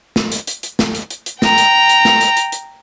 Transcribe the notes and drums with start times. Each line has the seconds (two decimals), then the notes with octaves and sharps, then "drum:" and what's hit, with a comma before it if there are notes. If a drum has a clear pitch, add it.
0.16 drum: snare
0.32 drum: hi-hat
0.47 drum: hi-hat
0.63 drum: hi-hat
0.79 drum: snare
0.95 drum: hi-hat
1.10 drum: hi-hat
1.26 drum: hi-hat
1.42 G5 A#5, drum: snare
1.58 drum: hi-hat
1.89 drum: hi-hat
2.05 drum: snare
2.21 drum: hi-hat
2.37 drum: hi-hat
2.52 drum: hi-hat